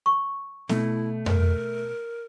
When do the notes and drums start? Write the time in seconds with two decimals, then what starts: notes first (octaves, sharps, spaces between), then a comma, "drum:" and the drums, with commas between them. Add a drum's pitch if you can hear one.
0.06 C#6
0.69 B2 A3 E4, drum: snare C4
1.26 A#4, drum: tom F2